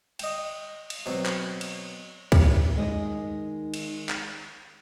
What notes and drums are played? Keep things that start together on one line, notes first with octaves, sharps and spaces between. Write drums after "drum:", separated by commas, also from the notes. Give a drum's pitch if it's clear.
D#5 G5, drum: cymbal
drum: cymbal
B2 F#3 C4
drum: clap
drum: cymbal
drum: kick C#2, cymbal
D#3 G#3 D#5
drum: cymbal
drum: clap